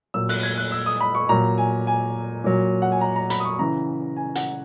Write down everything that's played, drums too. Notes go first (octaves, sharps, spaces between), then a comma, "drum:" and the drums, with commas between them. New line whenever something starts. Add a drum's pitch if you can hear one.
A#2 F#3 E6
F#6, drum: open hi-hat
G#6
F#6
E6
D#6
B5
C#6
A#2 F#3 A#5
G#5
G#5
A#2 F#3
F#5
G#5
A#5
A#5
B5, drum: hi-hat
D#6
C#6
C#3 E3 A#5
G#5
F#5, drum: hi-hat